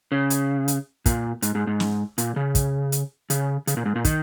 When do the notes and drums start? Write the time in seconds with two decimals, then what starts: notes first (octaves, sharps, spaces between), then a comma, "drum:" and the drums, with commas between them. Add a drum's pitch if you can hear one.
0.12 C#3
0.30 drum: hi-hat
0.68 drum: hi-hat
1.06 A#2, drum: kick, hi-hat
1.42 G#2, drum: hi-hat
1.55 G#2
1.67 G#2
1.80 drum: snare
2.18 A#2, drum: hi-hat
2.36 C#3
2.55 drum: kick, hi-hat
2.92 drum: hi-hat
3.30 C#3, drum: hi-hat
3.67 C#3, drum: hi-hat
3.77 A#2
3.85 G#2
3.95 A#2
4.05 D#3, drum: kick, hi-hat